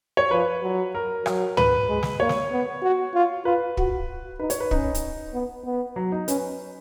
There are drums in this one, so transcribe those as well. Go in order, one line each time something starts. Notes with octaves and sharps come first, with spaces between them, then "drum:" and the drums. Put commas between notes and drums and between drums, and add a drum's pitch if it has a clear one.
C#5
F3 B4
F#3
A#4
F#3, drum: rim click
B4, drum: tom
G#3
drum: snare
A#3 C#5
drum: snare
B3
F#4
F4
F4 B4
F#4, drum: kick
D#4 B4
C#5, drum: hi-hat
B4
C#4 D#4, drum: kick
drum: hi-hat
B3
B3
F#3
D#4
C#4 B4, drum: hi-hat